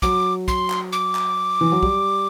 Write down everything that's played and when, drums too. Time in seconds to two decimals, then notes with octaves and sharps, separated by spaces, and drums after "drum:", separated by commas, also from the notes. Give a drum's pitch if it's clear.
0.02 F#3 D6, drum: kick
0.48 C6, drum: kick
0.70 drum: clap
0.93 D6
1.15 drum: clap
1.61 E3
1.72 F#3
1.83 G3, drum: kick